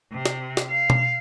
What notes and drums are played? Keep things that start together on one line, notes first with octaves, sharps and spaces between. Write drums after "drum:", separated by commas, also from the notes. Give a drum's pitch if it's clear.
C3
drum: snare
drum: snare
F5
drum: tom B2